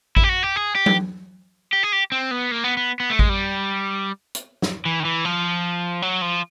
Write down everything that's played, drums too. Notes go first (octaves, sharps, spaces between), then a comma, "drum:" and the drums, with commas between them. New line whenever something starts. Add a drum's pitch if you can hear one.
E4, drum: kick G#1
G4
F#4
G4
G#4
G4
drum: tom F#3
G4
G#4
G4
C4
B3
A#3
B3
B3
B3
A3
G#3, drum: kick G#1
G3
drum: hi-hat
drum: snare
E3
D#3
E3
F3
F#3
F3